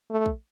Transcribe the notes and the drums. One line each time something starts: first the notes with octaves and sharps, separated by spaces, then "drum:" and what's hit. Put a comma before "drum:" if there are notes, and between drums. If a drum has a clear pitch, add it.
A3
drum: kick